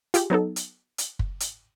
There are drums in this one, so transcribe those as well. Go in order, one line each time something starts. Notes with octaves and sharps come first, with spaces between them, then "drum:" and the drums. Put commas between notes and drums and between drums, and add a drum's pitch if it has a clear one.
F4 G4 G#4, drum: hi-hat
F#3 B3 D#4 A4
drum: hi-hat
drum: hi-hat
drum: kick
drum: hi-hat